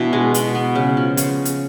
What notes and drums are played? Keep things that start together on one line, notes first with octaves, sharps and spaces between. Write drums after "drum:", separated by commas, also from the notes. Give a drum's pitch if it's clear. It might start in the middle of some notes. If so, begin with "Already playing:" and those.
Already playing: B2 E3 D4
G#3
B2, drum: hi-hat
B3
C#3
F3
C#3, drum: hi-hat
drum: hi-hat